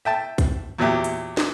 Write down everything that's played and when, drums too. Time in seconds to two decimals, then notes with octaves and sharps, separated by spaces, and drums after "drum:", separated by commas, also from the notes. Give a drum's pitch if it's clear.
0.05 E5 G5 A5
0.38 drum: kick, hi-hat
0.78 E2 A#2 F#3 E4 G4
1.04 drum: hi-hat
1.37 drum: snare